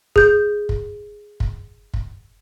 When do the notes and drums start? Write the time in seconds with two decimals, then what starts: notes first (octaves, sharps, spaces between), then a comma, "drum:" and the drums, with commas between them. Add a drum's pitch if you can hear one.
0.16 G#4 G6, drum: kick
0.69 drum: kick
1.40 drum: kick
1.94 drum: kick